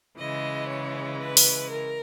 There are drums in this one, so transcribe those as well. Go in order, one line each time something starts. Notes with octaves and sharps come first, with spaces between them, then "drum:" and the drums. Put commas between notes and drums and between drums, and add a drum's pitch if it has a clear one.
C#3 E3 G#3 D#5
C#5
B4
drum: open hi-hat
A#4